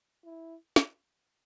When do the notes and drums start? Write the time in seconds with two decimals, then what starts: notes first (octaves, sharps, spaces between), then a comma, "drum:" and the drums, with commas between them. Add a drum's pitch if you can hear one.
0.24 E4
0.76 drum: snare